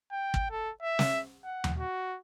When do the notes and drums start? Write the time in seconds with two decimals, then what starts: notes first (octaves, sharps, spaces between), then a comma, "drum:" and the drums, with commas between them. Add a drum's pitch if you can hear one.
0.12 G5
0.34 drum: kick
0.51 A4
0.83 E5
0.99 drum: snare
1.44 F#5
1.64 drum: tom D#2
1.78 F#4